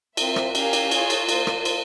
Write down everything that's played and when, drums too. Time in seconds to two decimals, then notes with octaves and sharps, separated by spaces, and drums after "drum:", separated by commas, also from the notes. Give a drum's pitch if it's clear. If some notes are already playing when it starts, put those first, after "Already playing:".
0.17 C4 F4 A#4 E5, drum: cymbal
0.36 drum: rim click
0.55 C#4 G4 A#4 F5 G#5, drum: cymbal
0.73 drum: cymbal
0.91 F4 G#4 C#5, drum: cymbal
1.10 drum: cymbal
1.29 A#3 F4 C5, drum: cymbal
1.47 drum: rim click
1.65 drum: cymbal